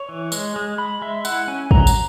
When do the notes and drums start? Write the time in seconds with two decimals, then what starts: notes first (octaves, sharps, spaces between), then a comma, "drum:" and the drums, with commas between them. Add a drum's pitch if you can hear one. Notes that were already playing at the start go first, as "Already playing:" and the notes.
Already playing: C#5
0.09 E3
0.32 G#3, drum: tambourine
0.56 G#3
0.78 G#3 B5
1.02 G#3 E5
1.25 E4 F#5, drum: tambourine
1.48 C#4 G#5
1.71 F#3 A#5, drum: kick
1.87 drum: tambourine